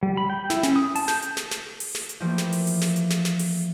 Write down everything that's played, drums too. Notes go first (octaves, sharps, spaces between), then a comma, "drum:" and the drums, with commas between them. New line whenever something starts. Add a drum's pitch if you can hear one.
G3
B5
G5
E4, drum: snare
C#4, drum: snare
D#6
A5, drum: open hi-hat
G6, drum: snare
drum: hi-hat
drum: snare
drum: snare
drum: open hi-hat
drum: snare
drum: hi-hat
E3 F3 A3 A#3 G4
drum: snare
drum: open hi-hat
drum: open hi-hat
drum: snare
drum: hi-hat
drum: snare
drum: snare
drum: open hi-hat